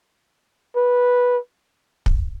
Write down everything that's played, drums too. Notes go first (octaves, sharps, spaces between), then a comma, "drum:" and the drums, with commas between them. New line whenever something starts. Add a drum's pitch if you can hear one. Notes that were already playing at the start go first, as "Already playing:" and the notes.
B4
drum: kick